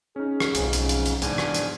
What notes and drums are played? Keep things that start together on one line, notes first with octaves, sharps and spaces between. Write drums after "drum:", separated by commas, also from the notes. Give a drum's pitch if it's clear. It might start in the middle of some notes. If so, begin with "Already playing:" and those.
C#4 D#4 G#4
drum: rim click
B1 F2 G#2 C#3 F3, drum: hi-hat
drum: hi-hat
drum: hi-hat
drum: hi-hat
E2 G#2 C3 F3 D4 G#5, drum: hi-hat
drum: rim click
drum: hi-hat